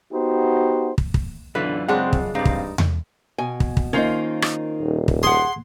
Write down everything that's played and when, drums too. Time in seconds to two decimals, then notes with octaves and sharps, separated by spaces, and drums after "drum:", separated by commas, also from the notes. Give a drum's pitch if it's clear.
0.13 B3 D#4 F#4 G4 C5
0.98 drum: kick
1.14 drum: kick
1.55 B1 F#2 D3 E3 F4 B4
1.88 C#3 G#3 C4 D4 F#5
2.13 drum: kick
2.35 G2 C4 D#4 D5 F5
2.45 drum: kick
2.78 drum: tom E2
3.38 B2 G#5
3.60 drum: kick
3.77 drum: kick
3.93 D#3 A#3 C#4 D#4 F4 C5
4.42 drum: rim click
4.80 D#1
5.08 drum: kick
5.23 G#4 F#5 C6